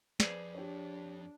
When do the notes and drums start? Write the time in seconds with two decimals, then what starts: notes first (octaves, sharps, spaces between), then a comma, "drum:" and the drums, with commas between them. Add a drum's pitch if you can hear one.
0.20 F2 G#4 B4 C5 D5, drum: snare
0.54 D4 G4 C#5